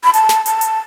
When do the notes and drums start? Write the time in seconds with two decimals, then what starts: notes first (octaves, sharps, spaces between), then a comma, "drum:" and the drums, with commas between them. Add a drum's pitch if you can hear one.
0.04 B5
0.14 A5, drum: hi-hat
0.29 drum: snare
0.46 A5, drum: hi-hat
0.61 drum: hi-hat